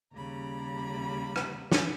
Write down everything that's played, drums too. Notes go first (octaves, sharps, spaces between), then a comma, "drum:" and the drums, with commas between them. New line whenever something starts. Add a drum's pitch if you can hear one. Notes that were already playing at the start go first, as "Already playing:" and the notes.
D#2 C#3 G3 A#5 B5
drum: rim click
drum: snare